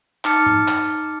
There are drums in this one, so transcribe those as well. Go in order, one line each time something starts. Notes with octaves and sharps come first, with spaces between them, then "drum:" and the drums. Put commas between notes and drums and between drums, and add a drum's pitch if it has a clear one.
D#4 A5 D6 F6 A6 C#7, drum: clap
drum: tom G#2
drum: clap